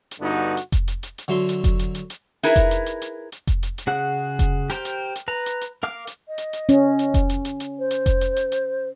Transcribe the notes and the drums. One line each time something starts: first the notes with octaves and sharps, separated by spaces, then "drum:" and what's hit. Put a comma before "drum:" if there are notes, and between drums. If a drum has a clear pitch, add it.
drum: hi-hat
G2 D3 B3 D#4 F#4
drum: hi-hat
drum: kick F1, hi-hat
drum: hi-hat
drum: hi-hat
drum: hi-hat
D3 F#3 E5 C6
drum: hi-hat
drum: kick F1, hi-hat
drum: hi-hat
drum: hi-hat
drum: hi-hat
D#4 E4 G#4 A#4 B4 E5, drum: hi-hat
drum: kick F1, hi-hat
drum: hi-hat
drum: hi-hat
drum: hi-hat
drum: hi-hat
drum: kick F1, hi-hat
drum: hi-hat
drum: hi-hat
C#3 F#4 G#4 F#5 F#6
drum: kick F1, hi-hat
G4 A#4 C5 G5, drum: hi-hat
drum: hi-hat
drum: hi-hat
B4 A#5
drum: hi-hat
drum: hi-hat
A#4 F5 D6 F6
drum: hi-hat
D#5
drum: hi-hat
drum: hi-hat
C#4, drum: hi-hat
drum: hi-hat
drum: kick F1, hi-hat
drum: hi-hat
drum: hi-hat
drum: hi-hat
C5
drum: hi-hat
drum: kick F1, hi-hat
drum: hi-hat
drum: hi-hat
drum: hi-hat